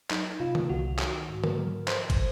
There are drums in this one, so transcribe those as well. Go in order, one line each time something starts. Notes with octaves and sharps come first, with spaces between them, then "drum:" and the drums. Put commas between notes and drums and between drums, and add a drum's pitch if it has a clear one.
F#3 D#4, drum: clap
C3 F4
drum: tom D3
C2 F#4
D#3 F#4, drum: clap
G#2
A#4, drum: tom D3
F#3
F3 C5, drum: clap
drum: kick, cymbal